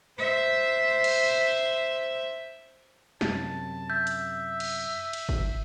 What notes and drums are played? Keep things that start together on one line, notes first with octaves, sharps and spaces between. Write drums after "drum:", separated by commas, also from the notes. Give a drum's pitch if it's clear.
C5 E5
drum: cymbal
F#2 C3 A5, drum: snare
E5 G6
drum: hi-hat
drum: cymbal
drum: cymbal
drum: kick